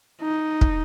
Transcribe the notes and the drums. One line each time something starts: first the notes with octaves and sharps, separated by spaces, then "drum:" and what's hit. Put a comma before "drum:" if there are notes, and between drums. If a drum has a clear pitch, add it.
D#4
drum: kick